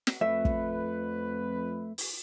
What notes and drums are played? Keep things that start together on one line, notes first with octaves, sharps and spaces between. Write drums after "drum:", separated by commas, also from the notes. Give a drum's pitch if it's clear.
drum: snare
F2 A3 B4 E5
drum: kick
drum: open hi-hat